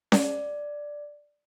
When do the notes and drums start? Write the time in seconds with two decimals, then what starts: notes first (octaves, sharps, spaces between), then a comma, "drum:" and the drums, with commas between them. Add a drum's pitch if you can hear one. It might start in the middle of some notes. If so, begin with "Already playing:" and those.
0.12 D5, drum: snare C#4